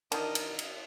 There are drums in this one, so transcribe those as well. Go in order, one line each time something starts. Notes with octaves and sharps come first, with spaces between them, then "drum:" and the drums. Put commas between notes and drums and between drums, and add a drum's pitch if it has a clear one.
D#3 E3 D4 A#4 D#5, drum: cymbal
drum: cymbal
drum: cymbal